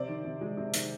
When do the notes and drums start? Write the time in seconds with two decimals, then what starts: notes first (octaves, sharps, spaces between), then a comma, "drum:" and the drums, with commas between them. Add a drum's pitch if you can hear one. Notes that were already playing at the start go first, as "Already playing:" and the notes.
Already playing: C3 C5 D5
0.08 D#3
0.25 C3
0.41 G#3
0.57 C3
0.74 D#3, drum: hi-hat